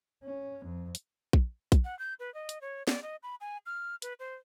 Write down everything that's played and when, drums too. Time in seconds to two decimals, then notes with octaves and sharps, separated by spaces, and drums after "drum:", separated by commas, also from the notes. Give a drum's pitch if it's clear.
0.24 C#4
0.64 F2
0.95 drum: hi-hat
1.33 drum: kick A#1
1.72 drum: kick A#1, hi-hat
1.84 F#5
1.99 G6
2.20 B4
2.34 D#5
2.49 drum: hi-hat
2.61 C#5
2.88 D5, drum: snare
3.03 D#5
3.23 B5
3.41 G#5
3.66 F6
4.02 B4, drum: hi-hat
4.20 C5